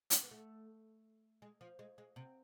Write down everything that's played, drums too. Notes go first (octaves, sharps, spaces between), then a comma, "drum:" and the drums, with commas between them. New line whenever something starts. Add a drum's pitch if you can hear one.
drum: hi-hat
B3
A3
G#3
F3
G#3
G#3
C3